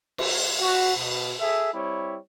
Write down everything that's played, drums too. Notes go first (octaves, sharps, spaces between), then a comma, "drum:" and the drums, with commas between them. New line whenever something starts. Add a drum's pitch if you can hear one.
drum: cymbal
F#4
B2
G#4 A4 E5
G3 C4 E4 C#5